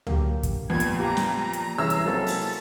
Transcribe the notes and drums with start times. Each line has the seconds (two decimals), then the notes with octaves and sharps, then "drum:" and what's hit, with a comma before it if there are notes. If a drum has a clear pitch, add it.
0.07 D3 F#3 A#3 G4, drum: tom C#2
0.43 drum: kick, hi-hat
0.70 F2 A#2 B3 G#6
0.80 drum: hi-hat
1.00 F4 G4 A#5
1.17 drum: snare
1.53 drum: hi-hat
1.78 C2 E3 C#4 G#4 E5 E6
1.90 drum: hi-hat
2.05 F#3 G#3 A#3 C4 E4 A4 A#4
2.27 drum: open hi-hat